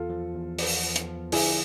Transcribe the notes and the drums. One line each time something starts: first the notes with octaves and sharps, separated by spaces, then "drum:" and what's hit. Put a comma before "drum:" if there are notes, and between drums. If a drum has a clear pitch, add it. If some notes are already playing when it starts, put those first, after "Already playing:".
Already playing: E2 F4 A4
F3
E2
B3, drum: open hi-hat
F3
drum: hi-hat
F3
D3 E4 G#4, drum: open hi-hat